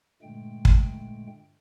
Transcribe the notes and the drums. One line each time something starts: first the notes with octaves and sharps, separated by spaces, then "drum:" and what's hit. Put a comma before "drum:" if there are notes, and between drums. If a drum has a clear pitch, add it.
G2 A#2 D3 G#3 A3 G5
drum: kick